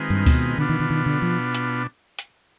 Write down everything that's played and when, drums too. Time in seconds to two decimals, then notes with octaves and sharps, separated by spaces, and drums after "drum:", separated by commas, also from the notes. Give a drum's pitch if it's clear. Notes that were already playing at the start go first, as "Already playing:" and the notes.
Already playing: D#3 G#3 C4 F4 B4
0.10 G2
0.26 B2, drum: kick D2, open hi-hat
0.58 B2 D3 B3 D4 F4
0.69 D#3
0.80 D#3
0.90 D#3
1.06 D3
1.22 F3
1.54 drum: hi-hat
2.19 drum: hi-hat